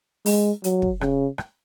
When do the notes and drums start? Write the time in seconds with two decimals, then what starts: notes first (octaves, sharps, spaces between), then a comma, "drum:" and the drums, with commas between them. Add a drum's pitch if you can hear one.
0.26 G#3, drum: open hi-hat
0.64 F#3, drum: hi-hat
0.82 drum: kick
1.01 C#3, drum: rim click
1.38 drum: rim click